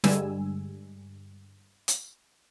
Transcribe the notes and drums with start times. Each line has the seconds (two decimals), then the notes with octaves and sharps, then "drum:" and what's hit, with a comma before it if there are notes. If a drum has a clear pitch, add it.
0.04 G2 D3 G3 G#3 G#5 E6, drum: snare
1.88 drum: hi-hat